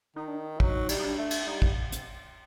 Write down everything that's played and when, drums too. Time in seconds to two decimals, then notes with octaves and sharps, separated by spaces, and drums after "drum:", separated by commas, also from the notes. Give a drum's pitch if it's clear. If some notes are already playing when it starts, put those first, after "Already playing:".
0.16 D#3 D#4
0.28 D4
0.38 D#4
0.60 F#3 D#4, drum: kick
0.89 G3, drum: cymbal
0.98 D#4
1.04 D4
1.18 A3
1.31 drum: cymbal
1.47 G3 D#4
1.62 drum: kick
1.92 drum: hi-hat